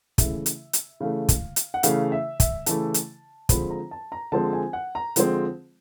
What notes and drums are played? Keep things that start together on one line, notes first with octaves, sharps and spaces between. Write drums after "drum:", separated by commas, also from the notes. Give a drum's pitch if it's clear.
C#3 E3 A3 E5, drum: kick, hi-hat
drum: hi-hat
drum: hi-hat
C#3 E3 A3 F5
drum: kick, hi-hat
drum: hi-hat
F#5
C#3 E3 A3 F5, drum: hi-hat
E5
E5, drum: kick, hi-hat
C#3 E3 A3 A5, drum: hi-hat
drum: hi-hat
D3 F3 G#3 C4 B5, drum: kick, hi-hat
A#5
A5
A#5
D3 F3 G#3 C4 A5
G#5
F#5
A#5
D3 F3 G#3 C4, drum: hi-hat